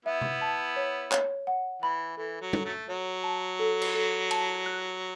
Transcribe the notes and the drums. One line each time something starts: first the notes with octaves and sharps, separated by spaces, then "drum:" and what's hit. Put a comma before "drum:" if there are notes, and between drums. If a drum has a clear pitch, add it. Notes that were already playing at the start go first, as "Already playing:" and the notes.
B3 E4 E5
drum: tom C3
A5
C#5
C#5, drum: clap
F#5
E3 B5
E3 A4
F#3
A4, drum: tom
F#3 A3
F#3 C#5
A5
A4
drum: cymbal
A4
A5, drum: cymbal
F#6